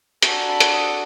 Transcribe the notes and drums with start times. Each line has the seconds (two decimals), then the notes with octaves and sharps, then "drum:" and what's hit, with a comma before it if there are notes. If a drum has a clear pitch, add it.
0.22 D4 F#4 A4 G#5 A#5, drum: hi-hat
0.48 A5 B5
0.60 drum: hi-hat
0.73 C#6 D#6